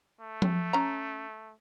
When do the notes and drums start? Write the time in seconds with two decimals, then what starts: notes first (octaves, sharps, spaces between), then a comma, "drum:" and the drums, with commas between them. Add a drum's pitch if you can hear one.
0.20 A3
0.42 drum: tom F3
0.73 C#4 A#5